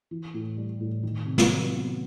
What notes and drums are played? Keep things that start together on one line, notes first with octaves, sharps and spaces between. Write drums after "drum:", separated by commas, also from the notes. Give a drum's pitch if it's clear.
E3
A2
G3
A2
D#3
C3
drum: snare
F#3
B3